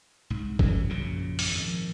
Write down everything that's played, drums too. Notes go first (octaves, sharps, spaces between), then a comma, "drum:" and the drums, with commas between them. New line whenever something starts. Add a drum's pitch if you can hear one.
C2 G#2
F#2 E3 F#3, drum: kick
A#1 F#2 A#2 C#3
drum: open hi-hat
F2 G#2 D#3